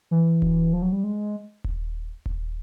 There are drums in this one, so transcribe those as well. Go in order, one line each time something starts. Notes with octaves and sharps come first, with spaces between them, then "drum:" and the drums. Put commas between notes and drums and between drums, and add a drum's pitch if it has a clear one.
E3
drum: kick D#1
F3
F#3
G3
G#3
drum: kick D#1
drum: kick D#1